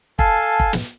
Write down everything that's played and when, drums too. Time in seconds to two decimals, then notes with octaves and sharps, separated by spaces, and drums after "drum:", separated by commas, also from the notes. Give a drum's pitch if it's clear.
0.19 A4 F5 G#5 A5, drum: kick
0.60 drum: kick
0.73 drum: snare